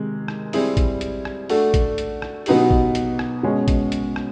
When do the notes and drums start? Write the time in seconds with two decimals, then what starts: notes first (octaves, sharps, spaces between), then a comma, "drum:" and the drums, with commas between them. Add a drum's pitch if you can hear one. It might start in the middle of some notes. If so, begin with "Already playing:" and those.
Already playing: C3 D#3 G#3
0.28 drum: rim click
0.53 G3 C4 E4 G#4, drum: open hi-hat
0.77 drum: kick A1, hi-hat
1.01 drum: hi-hat
1.25 drum: rim click
1.49 A3 D4 F#4 A4, drum: open hi-hat
1.74 drum: kick A1, hi-hat
1.98 drum: hi-hat
2.22 drum: rim click
2.46 B2 F#3 B3 D#4 G4, drum: open hi-hat
2.71 drum: kick A1
2.95 drum: hi-hat
3.19 drum: rim click
3.43 B2 G#3 C#4
3.68 drum: kick A1, hi-hat
3.92 drum: hi-hat
4.16 drum: rim click